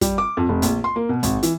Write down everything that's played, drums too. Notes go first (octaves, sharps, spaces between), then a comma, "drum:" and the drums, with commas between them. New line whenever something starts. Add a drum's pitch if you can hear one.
G3, drum: kick, hi-hat
D6
F2
F1
A#1, drum: hi-hat
C6
A#3
B2
G#1, drum: kick, hi-hat
E3, drum: hi-hat